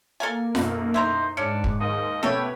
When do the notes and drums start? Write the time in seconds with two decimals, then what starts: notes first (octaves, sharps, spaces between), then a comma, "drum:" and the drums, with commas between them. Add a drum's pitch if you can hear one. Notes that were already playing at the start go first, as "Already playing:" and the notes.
0.20 A#3 A4 A#4 G#5
0.55 B1 F#2, drum: snare F4
0.94 D#4 E4 C5 G#5 A#5
1.37 G#2 C#4 D4 C#7
1.64 drum: kick
1.80 D#2 D#5
2.23 B2 A3 C#4 G4 A4 B4 C#5 G5